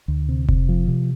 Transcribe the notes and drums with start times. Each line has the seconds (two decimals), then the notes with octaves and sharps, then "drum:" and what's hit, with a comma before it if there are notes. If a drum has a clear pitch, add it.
0.08 D2
0.29 C3
0.49 C3, drum: kick F1
0.69 F3
0.88 C3